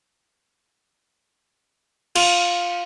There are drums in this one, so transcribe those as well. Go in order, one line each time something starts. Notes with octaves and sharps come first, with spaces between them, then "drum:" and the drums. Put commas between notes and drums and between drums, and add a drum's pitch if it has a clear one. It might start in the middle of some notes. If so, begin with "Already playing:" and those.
F4, drum: cymbal